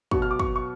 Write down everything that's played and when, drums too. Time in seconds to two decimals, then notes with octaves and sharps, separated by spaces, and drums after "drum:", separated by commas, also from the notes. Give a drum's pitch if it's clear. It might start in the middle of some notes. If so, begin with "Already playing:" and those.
0.11 B2 F#3 B3 C#6, drum: kick
0.22 F6
0.31 D6
0.40 C#6, drum: kick
0.56 C#6